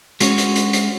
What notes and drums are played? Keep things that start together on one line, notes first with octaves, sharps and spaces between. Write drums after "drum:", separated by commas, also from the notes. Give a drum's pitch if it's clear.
G#3 C#4 F#4 C#5, drum: hi-hat
drum: hi-hat
drum: hi-hat
drum: hi-hat